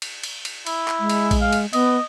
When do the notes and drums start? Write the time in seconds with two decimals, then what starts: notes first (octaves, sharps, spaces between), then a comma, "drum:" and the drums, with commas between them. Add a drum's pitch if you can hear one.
0.02 drum: cymbal
0.23 drum: cymbal
0.45 drum: cymbal
0.66 E4, drum: cymbal
0.88 drum: clap
1.00 G#3
1.10 drum: cymbal
1.31 drum: kick A#1, cymbal
1.41 F5
1.53 drum: cymbal
1.73 B3 D#5, drum: cymbal